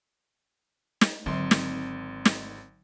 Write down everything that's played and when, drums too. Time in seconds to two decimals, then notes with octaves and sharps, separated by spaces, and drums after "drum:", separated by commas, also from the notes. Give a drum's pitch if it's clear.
1.01 drum: snare
1.26 G#1 D3 F#3 C4 C6
1.51 drum: snare
2.25 drum: snare